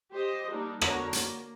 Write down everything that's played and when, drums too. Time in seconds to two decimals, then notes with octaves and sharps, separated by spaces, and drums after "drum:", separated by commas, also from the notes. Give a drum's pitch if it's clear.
0.12 G4 C5 D#5
0.50 G3 A#3 D4 D#4
0.81 D3 B3 F#4 A#4 C#5 A#5, drum: rim click
1.13 A#3, drum: hi-hat